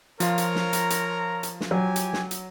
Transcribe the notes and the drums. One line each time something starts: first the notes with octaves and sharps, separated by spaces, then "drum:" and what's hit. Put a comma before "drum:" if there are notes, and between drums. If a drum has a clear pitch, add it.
F3 F4 A#4 C#5 A#5, drum: hi-hat
drum: hi-hat
drum: snare
drum: hi-hat
drum: hi-hat
drum: hi-hat
drum: snare
F#3 G4 G#5
drum: hi-hat
drum: snare
drum: hi-hat